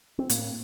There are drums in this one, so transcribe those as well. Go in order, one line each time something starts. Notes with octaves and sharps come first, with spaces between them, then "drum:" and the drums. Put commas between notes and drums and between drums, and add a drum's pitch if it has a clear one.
C4
A2 A#3, drum: hi-hat